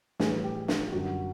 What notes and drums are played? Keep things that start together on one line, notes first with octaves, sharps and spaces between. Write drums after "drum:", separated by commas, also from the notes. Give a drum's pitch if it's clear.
A2 E3 G3 G#4, drum: snare
G4
F4, drum: snare
F#2 D3 G3 F#4